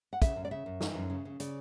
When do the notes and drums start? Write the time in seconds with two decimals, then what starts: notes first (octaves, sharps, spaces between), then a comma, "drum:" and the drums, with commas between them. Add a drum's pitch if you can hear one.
0.13 F#5
0.22 C#3 E5, drum: kick, hi-hat
0.36 F#2
0.45 D5
0.51 C#3 E5
0.66 F#2
0.81 E3, drum: snare
0.95 F#2
1.10 C#3
1.25 C#3
1.40 C#3 D5, drum: hi-hat